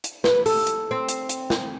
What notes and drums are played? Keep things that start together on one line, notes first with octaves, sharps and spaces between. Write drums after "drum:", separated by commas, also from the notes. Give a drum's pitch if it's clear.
drum: hi-hat
B4, drum: snare
A4, drum: open hi-hat
drum: hi-hat
C4
drum: hi-hat
drum: hi-hat
drum: snare